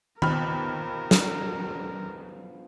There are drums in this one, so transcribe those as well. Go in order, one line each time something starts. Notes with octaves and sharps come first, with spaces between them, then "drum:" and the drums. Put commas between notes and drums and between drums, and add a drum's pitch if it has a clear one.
D#2 F3 B3 A#4 B5 F6, drum: tom D#3
drum: snare